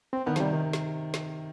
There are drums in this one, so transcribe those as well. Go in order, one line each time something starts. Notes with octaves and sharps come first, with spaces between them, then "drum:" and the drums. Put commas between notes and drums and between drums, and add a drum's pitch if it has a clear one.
C4
D#3 B3
F3, drum: snare
C3 G3
D#3
drum: snare
drum: snare